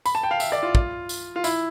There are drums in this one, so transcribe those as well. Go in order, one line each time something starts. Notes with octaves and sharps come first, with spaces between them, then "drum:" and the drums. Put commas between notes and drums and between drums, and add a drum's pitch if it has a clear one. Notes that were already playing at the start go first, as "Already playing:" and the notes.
B5, drum: tambourine
A5
G5
F5
E5, drum: tambourine
D5
F4
drum: kick
drum: tambourine
F4
E4, drum: tambourine